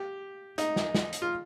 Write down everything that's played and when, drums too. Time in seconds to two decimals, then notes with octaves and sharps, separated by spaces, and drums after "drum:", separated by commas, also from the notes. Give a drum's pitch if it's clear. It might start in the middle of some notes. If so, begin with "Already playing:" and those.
Already playing: G4
0.58 D#4, drum: hi-hat
0.76 drum: snare
0.95 drum: snare
1.13 drum: hi-hat
1.22 F4